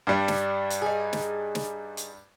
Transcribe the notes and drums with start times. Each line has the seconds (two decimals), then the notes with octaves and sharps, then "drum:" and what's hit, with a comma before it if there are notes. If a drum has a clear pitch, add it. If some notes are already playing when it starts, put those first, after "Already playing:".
0.07 G2 G3 D4
0.28 drum: snare
0.70 drum: hi-hat
0.82 D#4 G#4
1.13 drum: snare
1.55 drum: snare
1.97 drum: hi-hat